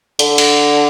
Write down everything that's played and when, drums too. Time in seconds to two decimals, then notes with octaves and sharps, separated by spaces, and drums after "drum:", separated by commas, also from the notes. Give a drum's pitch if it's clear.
0.19 D3, drum: hi-hat
0.38 drum: cymbal